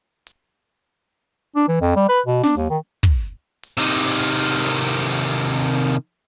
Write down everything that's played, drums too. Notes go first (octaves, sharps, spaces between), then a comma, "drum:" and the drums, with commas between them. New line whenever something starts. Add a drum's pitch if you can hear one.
drum: hi-hat
D4
E3
F2
G3
B4
B2
D4, drum: snare
D#2
D#3
drum: kick
drum: open hi-hat
C3 D#3